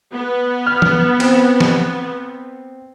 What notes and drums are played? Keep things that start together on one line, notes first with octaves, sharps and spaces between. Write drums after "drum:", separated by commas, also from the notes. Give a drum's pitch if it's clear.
B3
F6
drum: tom E3
C4, drum: cymbal
drum: snare